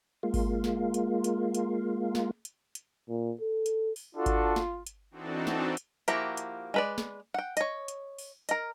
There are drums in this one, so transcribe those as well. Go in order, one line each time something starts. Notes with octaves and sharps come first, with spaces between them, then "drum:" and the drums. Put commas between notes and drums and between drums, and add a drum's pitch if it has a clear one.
G#3 A#3 F4
drum: kick G#1, open hi-hat
drum: snare
drum: hi-hat
drum: hi-hat
drum: hi-hat
drum: snare
drum: hi-hat
drum: hi-hat
A#2
A4
drum: hi-hat
drum: open hi-hat
D4 F4 F#4 A4
drum: kick G#1, hi-hat
drum: snare
drum: hi-hat
E3 C4 D4 D#4 F#4 A4
drum: snare
drum: hi-hat
F3 A#3 E4 F#4 G4, drum: hi-hat
drum: hi-hat
G#3 B4 D5
drum: snare
F#5 G5
C#5 D#5, drum: hi-hat
drum: hi-hat
drum: open hi-hat
A#4 D#5, drum: hi-hat